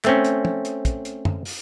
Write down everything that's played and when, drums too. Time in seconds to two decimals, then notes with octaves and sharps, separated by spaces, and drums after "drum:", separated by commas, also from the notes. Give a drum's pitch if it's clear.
0.04 A3 C4 C#4, drum: clap
0.25 drum: hi-hat
0.45 drum: tom
0.65 drum: hi-hat
0.85 drum: kick, hi-hat
1.05 drum: hi-hat
1.25 drum: tom
1.45 drum: open hi-hat